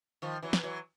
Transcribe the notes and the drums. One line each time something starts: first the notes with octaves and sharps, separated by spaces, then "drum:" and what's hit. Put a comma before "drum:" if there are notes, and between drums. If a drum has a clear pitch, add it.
D#3 F3
E3 F#3
drum: snare
E3 F#3